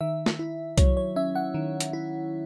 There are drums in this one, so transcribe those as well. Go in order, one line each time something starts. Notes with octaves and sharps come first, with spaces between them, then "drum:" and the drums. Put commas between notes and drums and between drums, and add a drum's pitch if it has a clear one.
D#3 E5
drum: snare
E4
F#3 C#5, drum: kick C2, hi-hat
C#5
C#4 E5
F#5
D#3
drum: hi-hat
E4